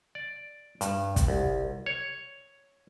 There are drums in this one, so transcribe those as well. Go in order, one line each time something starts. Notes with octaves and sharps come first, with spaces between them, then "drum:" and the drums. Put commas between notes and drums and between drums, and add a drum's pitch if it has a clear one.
D5
G2, drum: hi-hat
drum: kick, hi-hat
C2
C#5